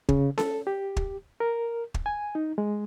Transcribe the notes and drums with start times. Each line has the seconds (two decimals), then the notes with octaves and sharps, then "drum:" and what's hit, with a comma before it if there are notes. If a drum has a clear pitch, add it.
0.09 C#3, drum: kick
0.38 A4, drum: snare C#4
0.67 G4
0.97 drum: kick
1.40 A#4
1.94 drum: kick
2.06 G#5
2.35 D#4
2.58 G#3